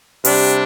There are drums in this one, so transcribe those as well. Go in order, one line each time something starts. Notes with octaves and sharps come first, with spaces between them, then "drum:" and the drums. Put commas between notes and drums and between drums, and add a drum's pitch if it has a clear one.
C3 G3 D4, drum: open hi-hat